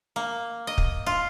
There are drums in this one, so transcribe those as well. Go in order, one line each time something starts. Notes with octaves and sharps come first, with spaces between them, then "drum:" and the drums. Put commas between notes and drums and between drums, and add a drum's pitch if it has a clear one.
A#3
D#5
drum: kick
F4